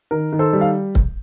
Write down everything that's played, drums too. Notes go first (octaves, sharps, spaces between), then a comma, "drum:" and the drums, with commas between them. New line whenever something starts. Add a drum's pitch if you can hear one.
D#3 A#4
D#3
A4 C5
G3
F5
drum: kick C#1